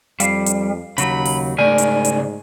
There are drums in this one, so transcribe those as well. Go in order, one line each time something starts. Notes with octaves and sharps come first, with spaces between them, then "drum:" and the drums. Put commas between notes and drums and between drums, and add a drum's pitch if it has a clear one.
F2 G3 F5 C7, drum: hi-hat
drum: hi-hat
D#2 C#3 F#3 B5, drum: hi-hat
drum: open hi-hat
G#2 C#3 A3 A#4 D5 G#5
drum: hi-hat
drum: hi-hat